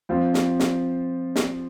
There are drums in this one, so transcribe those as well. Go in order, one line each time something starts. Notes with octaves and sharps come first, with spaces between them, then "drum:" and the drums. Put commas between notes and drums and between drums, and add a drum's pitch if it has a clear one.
F3 C4 F4 C5
drum: snare
drum: snare
drum: snare